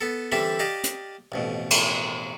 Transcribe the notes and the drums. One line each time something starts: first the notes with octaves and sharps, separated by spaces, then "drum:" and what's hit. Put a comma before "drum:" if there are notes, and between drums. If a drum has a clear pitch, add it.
B3 A4
D3 E3 G3 C4 A4 E5
G4 D5 D#5 F5 A5
drum: hi-hat
A1 F2 B2
drum: cymbal